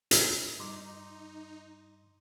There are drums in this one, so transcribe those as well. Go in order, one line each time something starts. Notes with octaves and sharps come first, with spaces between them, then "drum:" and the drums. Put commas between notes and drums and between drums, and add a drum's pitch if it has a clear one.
drum: hi-hat
G2 D#4 C6 D6